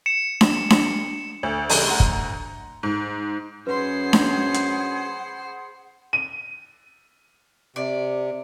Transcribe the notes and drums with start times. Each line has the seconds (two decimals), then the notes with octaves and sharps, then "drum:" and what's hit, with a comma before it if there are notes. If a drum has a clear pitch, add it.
0.06 C#7 E7
0.41 drum: snare D4
0.70 drum: snare D4
1.43 D2
1.70 C#3 G3 D4, drum: open hi-hat
1.87 F#5 A#5 C6
2.00 drum: kick
2.83 G#2
3.67 F#2 G#4 B4 C5 F#5 B5 C6
4.13 drum: snare D4
4.54 drum: hi-hat
6.13 D#7
7.76 C3 D5